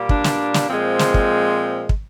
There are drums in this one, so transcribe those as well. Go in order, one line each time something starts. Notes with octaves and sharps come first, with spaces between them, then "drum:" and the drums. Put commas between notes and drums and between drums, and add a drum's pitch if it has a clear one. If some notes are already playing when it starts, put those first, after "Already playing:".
Already playing: A#2 G3 A#3
D4, drum: kick
drum: snare
drum: snare
A#2 F3 G#3 C4
drum: snare
drum: kick
drum: kick